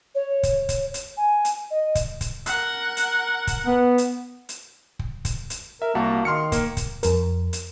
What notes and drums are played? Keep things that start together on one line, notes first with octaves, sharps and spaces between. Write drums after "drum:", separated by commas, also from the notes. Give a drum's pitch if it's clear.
C#5
drum: kick, hi-hat
drum: kick, hi-hat
drum: hi-hat
G#5
drum: hi-hat
D#5
drum: kick, hi-hat
drum: kick, hi-hat
A#4 F#5, drum: hi-hat
drum: hi-hat
drum: kick, hi-hat
B3
drum: hi-hat
drum: hi-hat
drum: kick
drum: kick, hi-hat
drum: hi-hat
A#4 E5
C2 A#3 F#4 A5
D#3 C6 F6 C#7
A#3, drum: kick, hi-hat
drum: kick, hi-hat
F2 A#4, drum: hi-hat
drum: hi-hat